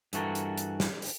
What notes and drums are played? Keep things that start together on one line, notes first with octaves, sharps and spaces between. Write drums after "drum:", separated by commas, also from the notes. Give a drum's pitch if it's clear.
G2 E3 F#4 A4 A#4, drum: hi-hat
drum: hi-hat
drum: hi-hat
drum: snare
drum: open hi-hat